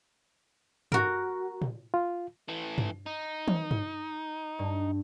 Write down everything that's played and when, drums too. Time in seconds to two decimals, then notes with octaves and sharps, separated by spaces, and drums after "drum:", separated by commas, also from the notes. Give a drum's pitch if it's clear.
0.92 F#4 A#4, drum: tom G2
1.62 drum: tom
1.94 F4
2.48 E3 A3
2.78 drum: tom G2
3.06 D#4
3.48 drum: tom D#3
3.71 drum: tom G2
4.59 G2